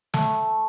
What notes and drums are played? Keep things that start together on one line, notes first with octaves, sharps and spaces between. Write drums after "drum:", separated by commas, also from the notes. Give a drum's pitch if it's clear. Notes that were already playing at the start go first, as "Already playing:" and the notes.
A3, drum: snare